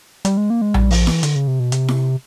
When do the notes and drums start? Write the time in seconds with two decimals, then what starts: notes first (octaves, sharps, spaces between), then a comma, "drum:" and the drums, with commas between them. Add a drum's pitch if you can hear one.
0.25 G3, drum: hi-hat
0.37 G#3
0.50 A#3
0.62 G#3
0.74 G3, drum: tom A#1
0.91 F3, drum: open hi-hat
1.07 E3, drum: snare E4
1.23 D3, drum: hi-hat
1.36 C#3
1.48 C3
1.60 B2
1.72 C3, drum: hi-hat
1.88 drum: snare E4